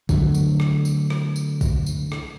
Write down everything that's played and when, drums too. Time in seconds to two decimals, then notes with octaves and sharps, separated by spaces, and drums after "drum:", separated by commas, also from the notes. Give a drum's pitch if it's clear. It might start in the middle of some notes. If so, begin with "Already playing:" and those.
0.09 D3 F#3 A3, drum: kick A#1, tambourine
0.34 drum: tambourine
0.60 drum: rim click
0.85 drum: tambourine
1.10 drum: rim click
1.36 drum: tambourine
1.61 drum: kick A#1, tambourine
1.86 drum: tambourine
2.12 drum: rim click